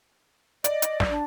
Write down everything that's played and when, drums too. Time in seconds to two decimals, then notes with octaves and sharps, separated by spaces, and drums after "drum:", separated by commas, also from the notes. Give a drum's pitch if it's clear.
0.64 D5 D#5, drum: hi-hat
0.82 drum: hi-hat
1.00 drum: snare
1.10 D4